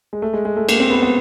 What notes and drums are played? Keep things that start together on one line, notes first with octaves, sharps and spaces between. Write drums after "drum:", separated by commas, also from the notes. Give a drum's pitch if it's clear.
G#3
A3
G#3
G#3
A3
A#3, drum: cymbal
C4
B3
B3